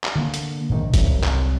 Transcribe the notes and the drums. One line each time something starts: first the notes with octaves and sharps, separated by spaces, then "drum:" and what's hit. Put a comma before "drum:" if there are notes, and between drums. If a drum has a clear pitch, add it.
drum: clap
D3 A#3
drum: hi-hat
A#1 G#2 B2 D#3
C2 C3 F#3 G3, drum: kick, hi-hat
drum: clap